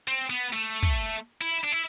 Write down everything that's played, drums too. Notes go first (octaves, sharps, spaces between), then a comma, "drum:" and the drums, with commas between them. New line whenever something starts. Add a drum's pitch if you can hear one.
C4
B3
A3
drum: kick
E4
D4
E4